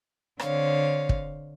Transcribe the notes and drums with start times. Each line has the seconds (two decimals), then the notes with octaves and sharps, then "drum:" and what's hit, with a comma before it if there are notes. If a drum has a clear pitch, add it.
0.39 D3 C4 C#5 F5, drum: rim click
1.09 drum: kick